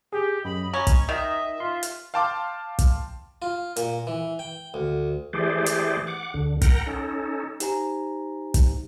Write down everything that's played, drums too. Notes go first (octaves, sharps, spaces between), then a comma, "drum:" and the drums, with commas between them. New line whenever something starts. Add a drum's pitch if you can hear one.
G4 G#4
F#2 D#5 B5
C#4 A#5
drum: kick, hi-hat
D#3 D#5 E5
F4 C6
drum: hi-hat
F5 G5 A5 C6 D6 F6
drum: kick, hi-hat
F4
A#2, drum: hi-hat
E3
G5
D2
E3 A3 G4 G#4 C5 D5
drum: hi-hat
F#5 D6
D2 D3
A#4 F#5 G5 A#5, drum: kick, hi-hat
C#4 D#4 A4
D#4 G4 C5 G#5 A#5, drum: hi-hat
drum: kick, hi-hat